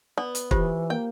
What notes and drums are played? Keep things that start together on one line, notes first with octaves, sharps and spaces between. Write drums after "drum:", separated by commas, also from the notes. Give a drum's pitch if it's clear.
B3 D5
drum: hi-hat
E3 F4 G4 C5, drum: kick
A#3 G5